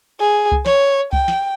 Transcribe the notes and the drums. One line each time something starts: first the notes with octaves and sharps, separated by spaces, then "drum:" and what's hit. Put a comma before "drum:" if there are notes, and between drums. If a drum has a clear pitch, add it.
G#4
drum: kick C2
C#5, drum: snare
G5, drum: kick C2
drum: snare